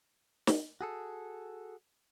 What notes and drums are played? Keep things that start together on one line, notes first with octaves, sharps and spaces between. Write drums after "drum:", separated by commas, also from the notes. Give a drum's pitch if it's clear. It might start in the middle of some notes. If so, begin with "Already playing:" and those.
drum: snare
F#4 G#4 A4